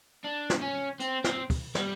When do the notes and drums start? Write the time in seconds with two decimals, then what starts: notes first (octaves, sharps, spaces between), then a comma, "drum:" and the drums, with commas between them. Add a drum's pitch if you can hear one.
0.24 D4
0.50 drum: snare
0.62 C#4
1.00 C4, drum: hi-hat
1.24 C4, drum: snare
1.50 drum: kick, open hi-hat
1.75 G3, drum: snare